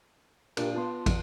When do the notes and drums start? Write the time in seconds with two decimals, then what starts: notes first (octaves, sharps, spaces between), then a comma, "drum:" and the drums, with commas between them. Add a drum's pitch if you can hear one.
0.57 A#2 D4 G4 A#4, drum: cymbal
0.75 B3 F4 A5 C6
1.06 drum: kick, cymbal